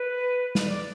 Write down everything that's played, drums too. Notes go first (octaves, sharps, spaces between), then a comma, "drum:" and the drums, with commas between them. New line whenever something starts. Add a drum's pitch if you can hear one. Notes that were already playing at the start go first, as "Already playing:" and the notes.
Already playing: B4
drum: snare
D5